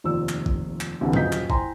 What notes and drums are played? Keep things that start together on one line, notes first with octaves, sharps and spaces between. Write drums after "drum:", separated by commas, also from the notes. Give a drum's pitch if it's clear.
F1 D#2 F3 D5 E6
drum: clap
drum: kick G#1
drum: clap
C2 D3 E3 C4 G4 B4
D#1 F#2 C#3 D#5 G6 B6, drum: tom G#2
drum: clap
E4 C5 G5 G#5 A#5 C6, drum: kick G#1